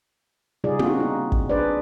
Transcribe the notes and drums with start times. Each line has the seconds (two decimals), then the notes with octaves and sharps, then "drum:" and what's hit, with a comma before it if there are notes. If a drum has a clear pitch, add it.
0.64 C#3 G3 D#4 F4 G#4 D5
0.79 A#3 C4 D4 D#4 F4 F#4, drum: tom
1.00 D#4
1.32 drum: kick
1.49 D4 G#4 B4 C5 D5